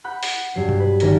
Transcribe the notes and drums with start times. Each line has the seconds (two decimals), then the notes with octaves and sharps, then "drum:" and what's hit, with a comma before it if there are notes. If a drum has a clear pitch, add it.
0.04 F#5 B5 F#6 G6
0.23 drum: open hi-hat
0.54 G2 F#3 C7
0.69 drum: tom
0.80 B4
1.00 G#1 D#3 C4 A#4 G#6 A#6, drum: hi-hat